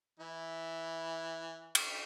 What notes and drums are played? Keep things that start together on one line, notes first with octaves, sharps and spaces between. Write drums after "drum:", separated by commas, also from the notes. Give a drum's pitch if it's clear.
E3 E4
drum: cymbal